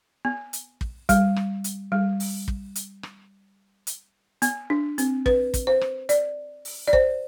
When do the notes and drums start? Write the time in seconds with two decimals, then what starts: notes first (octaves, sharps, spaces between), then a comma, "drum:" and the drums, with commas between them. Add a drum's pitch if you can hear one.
0.25 B3
0.53 drum: hi-hat
0.81 drum: kick
1.09 G3, drum: kick, hi-hat
1.36 drum: rim click
1.64 drum: hi-hat
1.92 G3
2.20 drum: open hi-hat
2.48 drum: kick
2.75 drum: hi-hat
3.03 drum: rim click
3.87 drum: hi-hat
4.42 B3, drum: hi-hat
4.70 D4
4.98 C4, drum: hi-hat
5.26 B4, drum: kick
5.54 drum: kick, hi-hat
5.67 C5
5.81 drum: rim click
6.09 D5, drum: hi-hat
6.65 drum: open hi-hat
6.87 D5
6.93 C5, drum: kick